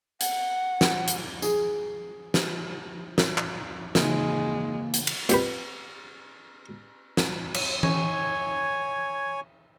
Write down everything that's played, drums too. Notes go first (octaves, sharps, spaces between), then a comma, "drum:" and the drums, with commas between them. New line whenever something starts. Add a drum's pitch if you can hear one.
F#5, drum: hi-hat
drum: snare
drum: hi-hat
G#4, drum: tambourine
drum: snare
drum: snare
drum: clap
C#3 E3 G#3 A#3 D#4, drum: snare
drum: hi-hat
drum: cymbal
F2 G4 B4, drum: hi-hat
drum: snare
drum: cymbal
C#5 G#5, drum: tom E3